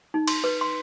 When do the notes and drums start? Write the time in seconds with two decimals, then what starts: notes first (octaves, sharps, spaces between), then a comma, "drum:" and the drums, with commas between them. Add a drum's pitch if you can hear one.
0.14 D#4
0.28 C6, drum: cymbal
0.44 B4
0.61 C6